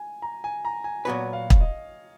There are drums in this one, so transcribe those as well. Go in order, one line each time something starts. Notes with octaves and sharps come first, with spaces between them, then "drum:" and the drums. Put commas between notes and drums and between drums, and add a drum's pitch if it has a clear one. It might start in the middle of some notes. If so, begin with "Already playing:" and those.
Already playing: G#5
A#5
G#5
A#5
G#5
A#2 F#3 B3 F#4 B4 C#5
F5
drum: kick
D#5